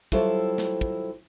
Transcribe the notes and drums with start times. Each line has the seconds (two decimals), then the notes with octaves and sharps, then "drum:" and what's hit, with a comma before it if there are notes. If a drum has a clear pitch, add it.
0.12 F#3 G3 E4 F4 A4 C5, drum: kick
0.58 drum: snare
0.81 drum: kick